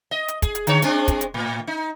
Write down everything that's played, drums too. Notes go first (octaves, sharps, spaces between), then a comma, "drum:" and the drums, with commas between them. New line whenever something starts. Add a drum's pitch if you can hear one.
D#5
drum: hi-hat
G#4, drum: kick, hi-hat
drum: hi-hat
D3 C#5, drum: hi-hat
G#3 C4 D4, drum: hi-hat
drum: kick, hi-hat
drum: hi-hat
A2
D#4